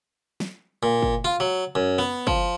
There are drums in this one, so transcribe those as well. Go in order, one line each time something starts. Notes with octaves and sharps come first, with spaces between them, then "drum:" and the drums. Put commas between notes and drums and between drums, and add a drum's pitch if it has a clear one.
drum: snare
A#2
drum: kick
F4
F#3
F#2
B3
F3, drum: kick